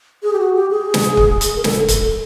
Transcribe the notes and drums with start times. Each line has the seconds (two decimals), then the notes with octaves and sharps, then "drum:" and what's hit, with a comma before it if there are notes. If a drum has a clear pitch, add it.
0.23 G#4
0.33 G4
0.39 F#4
0.55 G4
0.71 G#4
0.94 drum: snare
1.17 drum: kick
1.41 drum: hi-hat
1.56 A#4
1.64 A4, drum: snare
1.88 A4, drum: kick, hi-hat